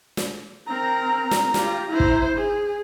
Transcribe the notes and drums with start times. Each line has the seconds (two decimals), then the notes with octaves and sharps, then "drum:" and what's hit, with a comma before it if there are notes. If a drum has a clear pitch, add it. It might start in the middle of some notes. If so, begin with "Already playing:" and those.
0.17 drum: snare
0.67 C4 A#4 A#5
1.31 drum: snare
1.54 F4 G4, drum: snare
1.89 E4 C5
2.00 drum: kick
2.37 G#4